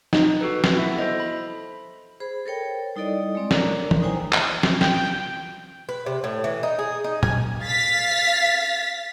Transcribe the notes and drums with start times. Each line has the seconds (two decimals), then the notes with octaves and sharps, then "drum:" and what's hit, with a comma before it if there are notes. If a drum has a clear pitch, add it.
0.13 D#4, drum: snare
0.41 F#4 A4 B4
0.64 drum: snare
0.75 B3 E4 E5
0.98 A4 C5 D#5
1.20 B5
2.20 G#4 C5 B5
2.46 A4 A#4 C#5 G5
2.96 G3 D#4 E4 A4 D5 D#5
3.35 G#3 C4 D5
3.51 D4 A#4 C#5 D5 A#5, drum: snare
3.91 drum: tom
4.02 D#4 E4 C5 G5 G#5 A#5
4.33 drum: clap
4.63 drum: snare
4.81 G5, drum: snare
5.89 B4
6.06 C3
6.24 A2
6.44 E3
6.63 D#4
6.79 G#4
7.04 D#4
7.23 G#5, drum: tom
7.64 F5 A6 B6